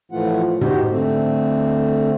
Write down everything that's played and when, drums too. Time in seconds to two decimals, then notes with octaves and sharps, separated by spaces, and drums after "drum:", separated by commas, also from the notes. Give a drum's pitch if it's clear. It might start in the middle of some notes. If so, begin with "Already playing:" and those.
0.12 A2 E3 F3 A3 F4 F#5
0.61 D#4 F#4 G4 C5, drum: tom
0.90 D3 A3 C4